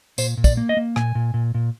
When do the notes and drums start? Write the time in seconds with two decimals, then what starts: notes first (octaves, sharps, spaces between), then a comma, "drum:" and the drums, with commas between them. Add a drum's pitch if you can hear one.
0.18 A#2 C5, drum: tambourine
0.37 A#2
0.44 D5, drum: kick, tambourine
0.57 A#3
0.69 D#5
0.77 A#3
0.96 A#2 G#5, drum: rim click
1.15 A#2
1.34 A#2
1.54 A#2